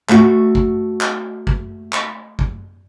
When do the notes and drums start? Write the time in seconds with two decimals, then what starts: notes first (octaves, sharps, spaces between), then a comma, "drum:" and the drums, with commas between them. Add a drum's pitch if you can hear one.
0.09 A3 F#4, drum: clap
0.55 drum: kick
1.01 drum: clap
1.47 drum: kick
1.93 drum: clap
2.39 drum: kick